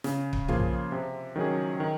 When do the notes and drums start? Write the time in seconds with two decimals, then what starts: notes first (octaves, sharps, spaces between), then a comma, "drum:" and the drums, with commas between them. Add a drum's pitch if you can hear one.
0.04 C#3, drum: snare
0.33 drum: kick
0.48 F3 A#3 F4 G#4, drum: tom B1
0.92 C3
1.36 D#3 F#3 C#4 G#4
1.80 D#3